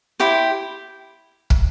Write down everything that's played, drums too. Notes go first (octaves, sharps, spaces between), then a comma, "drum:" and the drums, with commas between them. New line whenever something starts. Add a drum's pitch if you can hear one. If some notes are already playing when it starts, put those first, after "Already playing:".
E4 G4 C5
drum: kick